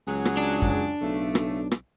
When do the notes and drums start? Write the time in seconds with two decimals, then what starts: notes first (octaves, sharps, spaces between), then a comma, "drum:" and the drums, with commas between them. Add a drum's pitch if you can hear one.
0.07 C#2 F#3 G#4
0.25 drum: rim click
0.37 D4
0.62 drum: kick F#2
1.02 B1 C#3 A3
1.35 drum: rim click
1.71 drum: rim click